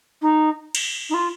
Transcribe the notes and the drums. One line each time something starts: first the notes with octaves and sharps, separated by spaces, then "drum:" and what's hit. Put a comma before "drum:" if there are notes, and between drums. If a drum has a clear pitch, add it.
D#4
drum: cymbal
D#4
F4